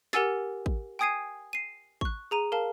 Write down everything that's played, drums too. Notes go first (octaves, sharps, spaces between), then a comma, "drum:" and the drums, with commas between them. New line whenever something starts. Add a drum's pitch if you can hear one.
G4 A#4 F#5 G#5 E6 A6, drum: snare
drum: kick
G5 G#5 D#6 G#6 C7 D#7
C7 D#7
C#6 F#6, drum: kick
G#4 A#5 D#7
A#4 F5 A5